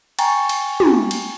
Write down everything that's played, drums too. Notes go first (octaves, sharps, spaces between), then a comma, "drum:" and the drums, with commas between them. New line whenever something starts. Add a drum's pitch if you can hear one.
G5 G#5 A#5 C#6 A6, drum: cymbal
drum: cymbal
drum: tom
drum: cymbal